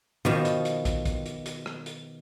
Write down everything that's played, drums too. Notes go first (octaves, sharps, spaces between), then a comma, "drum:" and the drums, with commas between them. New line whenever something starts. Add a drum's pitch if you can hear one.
B2 D#3 F3, drum: tom
drum: hi-hat
drum: hi-hat
drum: kick, hi-hat
drum: kick, hi-hat
drum: hi-hat
drum: hi-hat
drum: rim click
drum: hi-hat